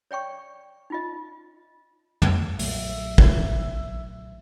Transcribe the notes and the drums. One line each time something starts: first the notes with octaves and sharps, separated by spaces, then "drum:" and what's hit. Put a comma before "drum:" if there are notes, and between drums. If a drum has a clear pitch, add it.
C#5 D5 G5 C#6
D#4 F4 D#5
drum: tom
B1 A#2 F#3 A3 E5, drum: open hi-hat
drum: kick